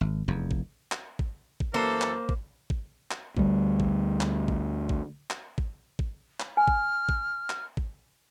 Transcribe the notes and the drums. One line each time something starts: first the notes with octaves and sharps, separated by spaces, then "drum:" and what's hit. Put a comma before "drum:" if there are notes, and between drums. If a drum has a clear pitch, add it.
G#1
F1 E2
drum: kick G#1
drum: clap
drum: kick G#1
drum: kick G#1
F#2 E3 A#3 A4 C5
drum: clap
drum: kick G#1
drum: kick G#1
drum: clap
D2 G3, drum: kick G#1
drum: kick G#1
drum: clap
drum: kick G#1
drum: kick G#1
drum: clap
drum: kick G#1
drum: kick G#1
drum: clap
G#5 F6
drum: kick G#1
drum: kick G#1
drum: clap
drum: kick G#1